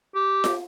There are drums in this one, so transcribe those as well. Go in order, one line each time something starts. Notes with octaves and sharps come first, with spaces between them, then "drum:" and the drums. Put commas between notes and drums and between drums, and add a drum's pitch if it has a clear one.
G4
drum: snare F4